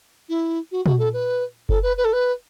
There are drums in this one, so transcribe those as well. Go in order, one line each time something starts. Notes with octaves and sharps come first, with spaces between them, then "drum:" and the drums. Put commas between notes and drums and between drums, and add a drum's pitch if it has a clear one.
E4
F#4
F#4, drum: tom
A4
B4
A4, drum: kick F#1
B4
B4
A4
B4